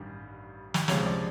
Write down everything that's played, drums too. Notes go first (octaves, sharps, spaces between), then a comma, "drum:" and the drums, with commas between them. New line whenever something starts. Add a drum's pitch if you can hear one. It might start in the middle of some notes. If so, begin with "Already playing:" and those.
Already playing: A1 G2 D#3 G3
drum: snare
C#2 C3 F3 G#3 C#5, drum: snare
D5